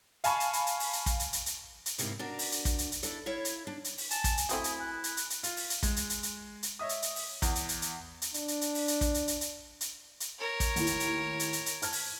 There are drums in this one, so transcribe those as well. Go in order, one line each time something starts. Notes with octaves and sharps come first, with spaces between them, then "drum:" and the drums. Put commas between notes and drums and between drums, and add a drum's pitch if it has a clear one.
F5 G#5 A5 B5 C#6, drum: hi-hat
drum: hi-hat
drum: hi-hat
drum: hi-hat
drum: open hi-hat
drum: hi-hat
drum: kick, hi-hat
drum: hi-hat
drum: hi-hat
drum: hi-hat
drum: hi-hat
G#2 C3 A#3 E4, drum: hi-hat
D4 F#4 A#4 D5
drum: open hi-hat
drum: hi-hat
drum: kick, hi-hat
drum: hi-hat
drum: hi-hat
D4 E4 A4 D5, drum: hi-hat
E4 C#5 E5 F5
drum: hi-hat
D4
drum: hi-hat
drum: open hi-hat
G#5 A5, drum: hi-hat
drum: kick, hi-hat
drum: hi-hat
A3 C4 E4 F#4 D#6, drum: hi-hat
drum: hi-hat
F#6
drum: hi-hat
drum: hi-hat
drum: hi-hat
F4, drum: hi-hat
drum: open hi-hat
drum: hi-hat
G#3, drum: kick, hi-hat
drum: hi-hat
drum: hi-hat
drum: hi-hat
drum: hi-hat
C#5 D#5 E5 D#6
drum: hi-hat
drum: hi-hat
drum: open hi-hat
E2, drum: kick, hi-hat
drum: hi-hat
drum: hi-hat
drum: hi-hat
drum: hi-hat
D4, drum: hi-hat
drum: hi-hat
drum: hi-hat
drum: open hi-hat
drum: hi-hat
drum: kick, hi-hat
drum: hi-hat
drum: hi-hat
drum: hi-hat
drum: hi-hat
drum: hi-hat
A#4 C#5
drum: kick, hi-hat
D#2 A2, drum: hi-hat
drum: hi-hat
drum: hi-hat
drum: hi-hat
drum: hi-hat
drum: hi-hat
A5 F6 G#6, drum: hi-hat
drum: open hi-hat